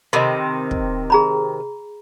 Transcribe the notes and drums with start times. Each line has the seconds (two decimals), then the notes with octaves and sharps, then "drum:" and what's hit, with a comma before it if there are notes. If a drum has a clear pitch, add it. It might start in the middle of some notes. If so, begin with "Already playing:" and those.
0.13 C3 D#3 D#5 B5 C6
0.71 drum: kick
1.10 G#4 A#5 B5